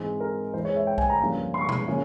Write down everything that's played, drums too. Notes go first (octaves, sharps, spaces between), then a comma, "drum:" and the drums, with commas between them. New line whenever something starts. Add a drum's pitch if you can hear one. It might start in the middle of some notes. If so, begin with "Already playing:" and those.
Already playing: G#2 E3 G#3 C4
A#4
E2 E3 G#3 C5
C#5
E5
G5
G#5, drum: kick A#1
A#5
G2 F3 A#3 C#4
C6
C#6
C6, drum: tom B2
C#3 F3 A#3 C#4